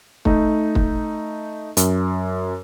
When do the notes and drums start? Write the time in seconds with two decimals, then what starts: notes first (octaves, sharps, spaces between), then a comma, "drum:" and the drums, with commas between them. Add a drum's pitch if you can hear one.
0.25 A3 D#4, drum: kick
0.75 drum: kick
1.77 F#2, drum: hi-hat